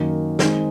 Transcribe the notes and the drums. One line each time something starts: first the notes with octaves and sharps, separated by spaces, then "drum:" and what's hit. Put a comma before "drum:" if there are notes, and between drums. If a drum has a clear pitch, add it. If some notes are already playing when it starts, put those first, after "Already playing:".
Already playing: F#2 D#3 A#3
D#3 G#3 C4 D#4 G#4, drum: snare